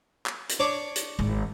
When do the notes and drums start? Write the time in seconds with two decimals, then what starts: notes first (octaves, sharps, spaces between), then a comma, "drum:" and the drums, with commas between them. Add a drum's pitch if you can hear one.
0.26 drum: clap
0.49 drum: hi-hat
0.60 D4 C#5 D5
0.96 drum: hi-hat
1.19 G#1